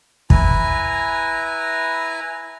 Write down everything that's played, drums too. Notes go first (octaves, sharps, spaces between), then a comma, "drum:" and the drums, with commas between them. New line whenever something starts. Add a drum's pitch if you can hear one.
E4 B4 G#5 A#5, drum: kick